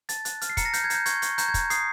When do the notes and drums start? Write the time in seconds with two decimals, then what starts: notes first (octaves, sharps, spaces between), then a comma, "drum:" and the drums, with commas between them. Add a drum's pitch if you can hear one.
0.09 A5 A6, drum: hi-hat
0.25 F#6, drum: hi-hat
0.41 F6, drum: hi-hat
0.50 C7
0.57 A#5 C#7, drum: kick, hi-hat
0.65 A#6
0.73 F6 G6, drum: hi-hat
0.84 G#6
0.90 A#5 G6, drum: hi-hat
1.06 C#6 G#6, drum: hi-hat
1.22 C#6, drum: hi-hat
1.38 A#5 G6, drum: hi-hat
1.49 G#6
1.54 A#5, drum: kick, hi-hat
1.70 D#6 C7, drum: hi-hat